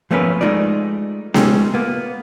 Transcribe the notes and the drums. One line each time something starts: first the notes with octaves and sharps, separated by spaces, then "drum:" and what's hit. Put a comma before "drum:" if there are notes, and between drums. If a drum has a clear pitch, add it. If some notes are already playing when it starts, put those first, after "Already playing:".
F3 A3 B3 C#4 A#4 B4
G#3 A3 D#4 F4 D5
G#3 A3 C#4 D#4 F4 G4, drum: snare B3
A#3 B3